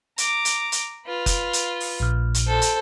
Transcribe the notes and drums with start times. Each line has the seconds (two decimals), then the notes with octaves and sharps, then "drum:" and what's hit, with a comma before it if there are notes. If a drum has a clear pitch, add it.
0.18 A#5 D6, drum: hi-hat
0.45 drum: hi-hat
0.72 drum: hi-hat
1.06 F4 B4
1.26 drum: kick F#1, hi-hat
1.53 drum: hi-hat
1.80 drum: open hi-hat
2.00 A#1 A#2 F6
2.34 drum: hi-hat
2.47 A4 C5
2.62 drum: hi-hat